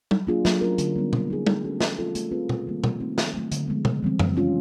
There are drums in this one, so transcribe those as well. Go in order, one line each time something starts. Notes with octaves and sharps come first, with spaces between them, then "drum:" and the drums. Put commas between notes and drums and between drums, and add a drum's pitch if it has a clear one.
F#3, drum: tom
A#3 D4 F4 G#4
F#3, drum: snare
A3 C#4 F4 A#4
D3, drum: hi-hat
G3 B3 D4
A#3, drum: tom B2
D#4 G#4
A3, drum: tom
C#4 F#4 A4
F3, drum: snare
G#3 C4 F4 A4
A3, drum: hi-hat
C4 F4 G#4 B4
C3, drum: tom B2
D#3 G3 A#3
F3, drum: tom B2
A3 C4 D#4
D#3, drum: snare
F#3 A3
D3, drum: hi-hat
F3 G#3 B3
C#3, drum: tom B2
E3 G3 C4
F3, drum: tom F#2
G#3 C#4 F4